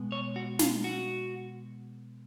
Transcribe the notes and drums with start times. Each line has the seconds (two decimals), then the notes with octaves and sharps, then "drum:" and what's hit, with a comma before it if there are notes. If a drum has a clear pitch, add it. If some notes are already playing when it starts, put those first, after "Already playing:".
Already playing: B2 G#3 B3
0.12 C#5
0.36 F#4
0.59 F4, drum: snare
0.84 F#4